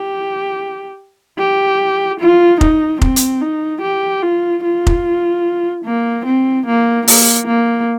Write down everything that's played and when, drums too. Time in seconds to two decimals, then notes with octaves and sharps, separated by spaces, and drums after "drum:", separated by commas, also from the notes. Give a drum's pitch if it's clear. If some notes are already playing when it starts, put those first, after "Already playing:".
Already playing: G4
1.39 G4
2.20 F4
2.61 D#4, drum: kick F1
3.02 C4, drum: kick F1
3.16 drum: hi-hat
3.41 D#4
3.82 G4
4.22 F4
4.64 F4
4.87 drum: kick F1
5.85 A#3
6.26 C4
6.67 A#3
7.08 A#3, drum: open hi-hat
7.48 A#3